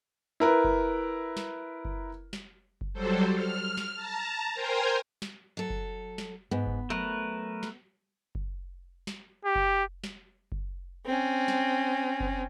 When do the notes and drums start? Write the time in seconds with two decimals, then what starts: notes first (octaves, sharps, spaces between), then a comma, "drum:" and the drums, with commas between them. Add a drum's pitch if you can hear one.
0.40 E4 A#4 B4
0.64 drum: kick F#1
1.37 drum: snare
1.85 drum: kick F#1
2.33 drum: snare
2.81 drum: kick F#1
2.94 F#3 G3 A4 C5
3.34 F6
3.77 drum: snare
3.95 A5 A#5
4.54 A#4 C5 G5 G#5 A#5 C6
5.22 drum: snare
5.57 F#3 A4
5.70 drum: kick F#1
6.18 drum: snare
6.51 G#2 B3
6.66 drum: kick F#1
6.90 F#3 A3 A#4 B4
7.63 drum: snare
8.35 drum: kick F#1
9.07 drum: snare
9.45 G4
9.55 drum: kick F#1
10.04 drum: snare
10.52 drum: kick F#1
11.05 C4 C#4
11.48 drum: snare
12.20 drum: kick F#1